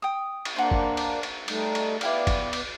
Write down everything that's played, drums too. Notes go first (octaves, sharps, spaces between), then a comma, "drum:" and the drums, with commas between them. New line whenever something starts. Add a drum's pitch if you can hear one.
G5 D#6
drum: cymbal
A#3 D4 C5 F#5
drum: kick
drum: cymbal
drum: cymbal
G3 A3 D#4, drum: cymbal
drum: cymbal
B3 E4 G4 D5 F5, drum: cymbal
drum: kick, cymbal
drum: cymbal